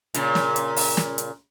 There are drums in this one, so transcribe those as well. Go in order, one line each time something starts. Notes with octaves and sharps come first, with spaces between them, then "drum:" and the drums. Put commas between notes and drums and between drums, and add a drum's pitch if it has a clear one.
A#2 C#3, drum: hi-hat
drum: snare
drum: hi-hat
drum: open hi-hat
drum: snare
drum: hi-hat